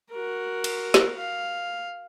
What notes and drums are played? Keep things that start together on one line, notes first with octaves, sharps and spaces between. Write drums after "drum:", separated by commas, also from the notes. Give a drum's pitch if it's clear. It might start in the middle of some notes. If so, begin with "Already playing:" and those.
F#4 A#4
drum: cymbal
drum: snare
F5